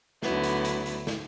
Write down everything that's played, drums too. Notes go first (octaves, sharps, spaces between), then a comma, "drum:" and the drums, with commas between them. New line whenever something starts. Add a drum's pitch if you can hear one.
D2 D3 F#3 B3 E4, drum: snare
drum: hi-hat
drum: hi-hat
drum: hi-hat
drum: snare